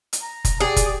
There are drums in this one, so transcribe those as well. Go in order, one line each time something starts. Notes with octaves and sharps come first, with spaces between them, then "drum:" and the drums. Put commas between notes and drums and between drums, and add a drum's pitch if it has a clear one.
drum: hi-hat
A#5
drum: kick F1, hi-hat
G4 G#4 D5
drum: kick F1, hi-hat